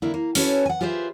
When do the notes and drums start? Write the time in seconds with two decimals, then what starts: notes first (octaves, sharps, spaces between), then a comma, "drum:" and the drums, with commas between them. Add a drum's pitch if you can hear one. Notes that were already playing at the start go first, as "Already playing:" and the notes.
0.02 D3 A#3 D4 E4
0.14 A#3
0.35 C#4 E4 F#4 A4 B4 C#5, drum: open hi-hat
0.66 F#5 G#5
0.81 F4 G4 G#4 B4 C5 E5